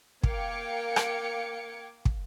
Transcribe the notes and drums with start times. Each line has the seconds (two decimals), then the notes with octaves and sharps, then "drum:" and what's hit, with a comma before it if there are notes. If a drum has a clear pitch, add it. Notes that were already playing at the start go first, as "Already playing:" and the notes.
0.23 A#3 F5 G5 D6 G#6 C#7, drum: kick
0.96 drum: rim click
2.05 drum: kick